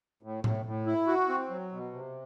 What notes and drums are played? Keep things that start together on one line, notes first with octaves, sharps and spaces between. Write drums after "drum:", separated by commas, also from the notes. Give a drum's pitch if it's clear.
A2
A2, drum: tom A2
A2
E4
F#4
C4
F#3
B2
C3